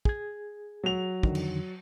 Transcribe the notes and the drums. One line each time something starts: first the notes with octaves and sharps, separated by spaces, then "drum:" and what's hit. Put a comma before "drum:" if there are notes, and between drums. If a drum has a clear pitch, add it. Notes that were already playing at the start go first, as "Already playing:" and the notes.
G#4 G#6, drum: kick
F#3 F7
F2 D3 D#3, drum: kick
drum: cymbal